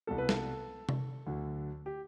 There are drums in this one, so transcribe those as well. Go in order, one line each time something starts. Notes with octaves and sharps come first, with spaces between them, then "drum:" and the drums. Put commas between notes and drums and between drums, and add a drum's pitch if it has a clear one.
C2 B2 G3 A4
B4
A4, drum: snare
drum: tom C3
D2 D3 F#3
G4